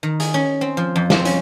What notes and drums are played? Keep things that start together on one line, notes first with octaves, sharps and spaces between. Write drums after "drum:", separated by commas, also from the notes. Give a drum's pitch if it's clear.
D#3
G#4, drum: hi-hat
C#4
C4
F3
F2
C4, drum: snare
C#4, drum: hi-hat